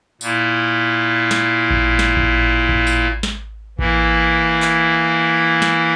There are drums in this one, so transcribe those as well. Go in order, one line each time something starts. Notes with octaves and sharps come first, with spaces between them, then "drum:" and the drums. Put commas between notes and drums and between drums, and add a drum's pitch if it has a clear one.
A#2 A#3 E4, drum: tambourine
drum: snare
drum: kick A1
drum: snare
drum: kick A1
drum: kick A1
drum: tambourine
drum: snare
E3 A#3 E4, drum: kick A1
drum: clap
drum: snare